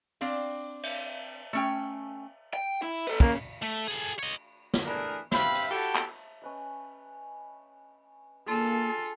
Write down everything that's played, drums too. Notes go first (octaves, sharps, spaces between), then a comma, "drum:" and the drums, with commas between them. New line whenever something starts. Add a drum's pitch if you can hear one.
C4 D4 F5, drum: open hi-hat
drum: cymbal
A3 C#4 G5
G5
E4
A4 B4, drum: cymbal
C#3 A#3 C#4, drum: kick
A3
G#4 A4
C#5 D#5
drum: snare
E3 A3 D4 G#4 A#4
G2 C4 E5 F5 B5, drum: snare
drum: cymbal
E4 F#4 G4 A4
drum: clap
C#4 B4 D#5
A#3 D4 F4 G#4 A4